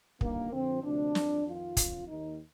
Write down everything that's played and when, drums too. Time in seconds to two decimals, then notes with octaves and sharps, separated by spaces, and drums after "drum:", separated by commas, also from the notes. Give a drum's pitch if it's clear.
0.21 G1 G2 D#3 A#3, drum: kick
0.51 F2 D3 F3 C4
0.83 D2 C3 F3 D4
1.15 G1 F2 D3, drum: snare
1.46 F2 D#3 F4
1.77 F2 D3 F3, drum: kick, hi-hat
2.08 D#2 D#3 D#4